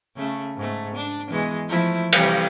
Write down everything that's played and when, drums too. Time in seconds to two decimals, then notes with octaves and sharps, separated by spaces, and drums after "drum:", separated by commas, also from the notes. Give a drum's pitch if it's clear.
0.16 C#3 A3
0.56 G#2 A3
0.95 D4
1.30 B2 E3 G#3
1.69 F3 A3 E4
2.13 C3 E3 G3, drum: cymbal